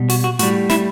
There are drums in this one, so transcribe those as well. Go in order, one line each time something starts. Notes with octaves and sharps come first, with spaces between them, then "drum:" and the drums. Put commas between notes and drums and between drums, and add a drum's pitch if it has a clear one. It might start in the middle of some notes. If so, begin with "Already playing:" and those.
Already playing: B2 G3
F#4, drum: open hi-hat
F#4
A2 G3 F#4, drum: hi-hat
E4, drum: snare